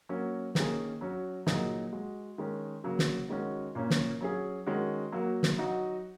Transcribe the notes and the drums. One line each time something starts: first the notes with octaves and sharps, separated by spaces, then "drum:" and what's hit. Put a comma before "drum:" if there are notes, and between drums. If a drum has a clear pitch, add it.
F#3 A#3 C#4
D#3 A#3 C#4 G#4, drum: snare
F#3 C#4 F#4
A#2 F#3 D#4 G#4, drum: snare
G#3 F#4
D#3 G#3 C#4
C#3 F#3 A#3 F#4
drum: snare
D#3 G#3 C#4 F#4
A#2 A#3 C#4
drum: snare
F#3 C#4 G#4
D#3 G#3 C#4 F#4
F#3 A#3 F#4
drum: snare
F#3 D#4 F#4